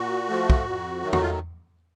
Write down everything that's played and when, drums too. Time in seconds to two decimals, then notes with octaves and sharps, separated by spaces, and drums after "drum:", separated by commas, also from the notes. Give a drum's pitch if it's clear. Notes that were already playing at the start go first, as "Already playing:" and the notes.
Already playing: A#2 F#4
0.29 F3 A3
0.50 drum: kick
0.66 F2
1.03 D#3 F#3 A3
1.13 F#4, drum: tom
1.21 F4